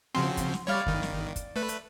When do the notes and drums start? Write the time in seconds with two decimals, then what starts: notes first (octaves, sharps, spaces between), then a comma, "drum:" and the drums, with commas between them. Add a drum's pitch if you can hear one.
0.15 C#3 F3 C4 F#4 C6
0.37 drum: kick, hi-hat
0.54 drum: snare
0.67 G3 C#5 D5 F5 B5
0.86 G1 D#3, drum: kick
1.03 drum: snare
1.36 drum: kick, hi-hat
1.56 A3 B4
1.68 drum: hi-hat